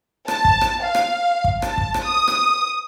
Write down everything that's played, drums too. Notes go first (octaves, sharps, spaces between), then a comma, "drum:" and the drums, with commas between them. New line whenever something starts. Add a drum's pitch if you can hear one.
A5, drum: rim click
drum: kick
drum: rim click
F5
drum: rim click
drum: kick
A5, drum: rim click
drum: kick
drum: rim click
D#6
drum: rim click